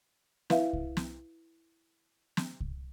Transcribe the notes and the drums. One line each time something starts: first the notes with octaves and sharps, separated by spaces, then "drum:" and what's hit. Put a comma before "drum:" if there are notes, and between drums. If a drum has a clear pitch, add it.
E4 B4 E5 F5, drum: snare
drum: kick C2
drum: snare
drum: snare
drum: kick C2